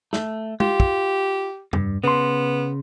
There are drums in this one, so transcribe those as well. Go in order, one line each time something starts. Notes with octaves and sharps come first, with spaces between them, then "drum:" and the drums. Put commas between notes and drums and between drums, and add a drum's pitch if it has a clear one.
A3, drum: snare
F4 G4, drum: tom
drum: kick
G2, drum: tom E2
C#3 B3 C6